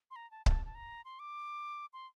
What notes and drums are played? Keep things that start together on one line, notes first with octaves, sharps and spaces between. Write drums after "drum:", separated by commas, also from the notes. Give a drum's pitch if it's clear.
C6
A#5
A5
A5, drum: kick C#1
A5
A#5
C6
D6
C6